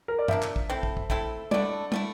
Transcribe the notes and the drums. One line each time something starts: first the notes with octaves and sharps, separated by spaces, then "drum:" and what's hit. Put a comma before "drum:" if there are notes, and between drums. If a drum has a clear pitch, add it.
A#4
D5
F3 A#3 D4 E5, drum: tom
drum: clap
drum: kick
A3 C4 E4 A4
drum: kick
drum: kick
A3 C4 E4 A4, drum: kick
D3 A3 E4 D5, drum: tom
D3 A3 E4, drum: tom